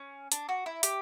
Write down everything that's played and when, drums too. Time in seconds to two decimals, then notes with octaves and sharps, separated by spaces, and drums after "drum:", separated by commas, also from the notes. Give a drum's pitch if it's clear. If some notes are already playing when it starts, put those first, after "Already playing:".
Already playing: C#4
0.32 D4, drum: hi-hat
0.49 F#4
0.66 E4
0.83 G4, drum: hi-hat